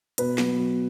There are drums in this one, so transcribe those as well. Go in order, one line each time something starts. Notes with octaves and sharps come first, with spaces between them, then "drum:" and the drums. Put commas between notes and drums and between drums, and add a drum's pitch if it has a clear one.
B2 B4, drum: hi-hat
F#3, drum: snare
F#3